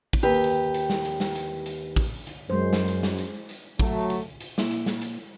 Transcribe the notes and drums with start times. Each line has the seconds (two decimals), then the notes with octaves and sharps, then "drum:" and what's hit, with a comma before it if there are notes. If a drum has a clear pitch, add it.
0.13 drum: kick, open hi-hat
0.23 D#2 G4 B4
0.44 drum: hi-hat
0.74 drum: hi-hat
0.90 drum: snare
1.05 drum: hi-hat
1.20 drum: snare
1.35 drum: hi-hat
1.66 drum: hi-hat
1.96 drum: kick, open hi-hat
2.27 drum: hi-hat
2.50 F#2 G#3 C5
2.73 drum: snare
2.88 drum: hi-hat
3.03 drum: snare
3.18 drum: hi-hat
3.49 drum: hi-hat
3.80 F#3 A3, drum: kick, open hi-hat
4.10 drum: hi-hat
4.41 drum: hi-hat
4.58 A#2 E4, drum: snare
4.71 drum: hi-hat
4.86 drum: snare
5.02 drum: hi-hat